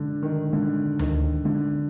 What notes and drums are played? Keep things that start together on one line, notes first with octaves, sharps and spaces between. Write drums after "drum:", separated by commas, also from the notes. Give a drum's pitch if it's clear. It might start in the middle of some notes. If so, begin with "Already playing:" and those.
Already playing: D3
D#3
D3
D#3, drum: tom D2
D3